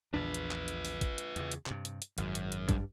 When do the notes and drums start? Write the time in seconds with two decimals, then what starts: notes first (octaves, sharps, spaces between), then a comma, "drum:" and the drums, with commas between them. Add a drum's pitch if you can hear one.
0.14 A#1 E2 D4 F4 B4
0.34 drum: hi-hat
0.51 drum: clap
0.68 drum: hi-hat
0.85 drum: open hi-hat
1.01 drum: kick A1, hi-hat
1.18 drum: hi-hat
1.36 E2 C#3, drum: hi-hat
1.52 drum: hi-hat
1.66 G2 C3, drum: clap
1.85 drum: hi-hat
2.02 drum: hi-hat
2.18 G#1 F#2, drum: hi-hat
2.35 drum: hi-hat
2.52 drum: hi-hat
2.69 G2 G3 D4, drum: kick A1, hi-hat